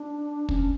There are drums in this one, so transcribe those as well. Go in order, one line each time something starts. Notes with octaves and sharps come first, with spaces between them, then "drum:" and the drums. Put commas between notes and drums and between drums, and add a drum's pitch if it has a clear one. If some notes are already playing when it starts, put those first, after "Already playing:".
Already playing: D4
C#4, drum: kick